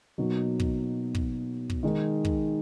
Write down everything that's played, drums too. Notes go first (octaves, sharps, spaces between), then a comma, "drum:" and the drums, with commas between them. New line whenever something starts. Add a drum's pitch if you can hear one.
B2 F#3 A#3 D#4 F#4
drum: kick
drum: kick
drum: kick
D#3 G#3 D#4
drum: kick